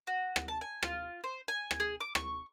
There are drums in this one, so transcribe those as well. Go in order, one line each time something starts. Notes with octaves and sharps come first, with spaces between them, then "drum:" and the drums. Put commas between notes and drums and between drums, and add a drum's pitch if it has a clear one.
F#4
drum: rim click
A5
G#5
F4, drum: rim click
C5
G#5
drum: rim click
G#4
D6
C#6, drum: rim click